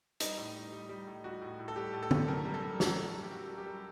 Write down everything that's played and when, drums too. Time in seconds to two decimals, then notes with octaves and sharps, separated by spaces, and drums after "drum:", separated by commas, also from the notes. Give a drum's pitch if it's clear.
0.20 G3 D#4, drum: hi-hat
0.37 A2
0.54 G3
0.72 G3
0.89 G3
1.07 A2
1.24 G3 F#4
1.41 A2
1.59 A2
1.68 A4
1.76 G3 G4
1.93 A2
2.03 A4
2.11 A2, drum: tom
2.28 F#2 A#4
2.45 G3
2.54 A4
2.63 G3
2.80 G3 A4, drum: snare
2.98 F#2
3.14 F#2
3.23 G4
3.32 G3 F#4
3.49 G3
3.58 G4
3.66 G3